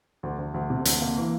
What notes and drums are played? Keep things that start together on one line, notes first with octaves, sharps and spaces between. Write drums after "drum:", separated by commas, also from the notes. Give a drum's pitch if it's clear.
D2
D2
D2
C3
D2, drum: hi-hat
A#3
E3